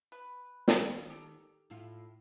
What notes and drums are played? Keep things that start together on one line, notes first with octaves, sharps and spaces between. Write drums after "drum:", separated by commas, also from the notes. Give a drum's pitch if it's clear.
B4
D#3, drum: snare
G4 A4
A2 E4 F4